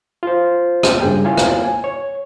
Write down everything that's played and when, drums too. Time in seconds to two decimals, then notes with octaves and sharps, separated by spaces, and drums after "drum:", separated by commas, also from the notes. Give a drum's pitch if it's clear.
0.23 F4 C5
0.83 drum: rim click
1.01 G2 C#3 A#3 G#4 G5
1.25 A#3 E4 F4 C#5 F5 G#5
1.37 drum: rim click
1.65 G#5
1.84 C#5